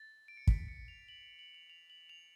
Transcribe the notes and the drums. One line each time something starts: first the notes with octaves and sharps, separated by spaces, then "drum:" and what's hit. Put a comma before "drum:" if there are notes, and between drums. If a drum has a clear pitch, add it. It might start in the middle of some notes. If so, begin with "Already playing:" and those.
Already playing: A6
D7
C#7
B6, drum: kick
C#7
F7
F#7
F#7
F7
F7
F#7
F7